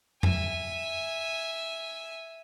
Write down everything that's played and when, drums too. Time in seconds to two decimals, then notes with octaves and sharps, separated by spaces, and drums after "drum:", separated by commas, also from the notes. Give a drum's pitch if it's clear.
0.23 E5 G#5, drum: tom F2